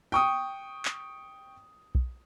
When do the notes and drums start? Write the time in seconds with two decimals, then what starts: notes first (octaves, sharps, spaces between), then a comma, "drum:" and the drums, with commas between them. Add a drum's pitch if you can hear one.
0.12 G5 C#6 D#6
0.85 drum: clap
1.95 drum: kick B1